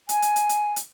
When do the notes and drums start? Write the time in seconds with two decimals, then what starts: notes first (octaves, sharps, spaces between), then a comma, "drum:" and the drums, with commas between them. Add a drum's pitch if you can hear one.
0.09 G#5, drum: hi-hat
0.22 drum: hi-hat
0.36 drum: hi-hat
0.49 drum: hi-hat
0.76 drum: hi-hat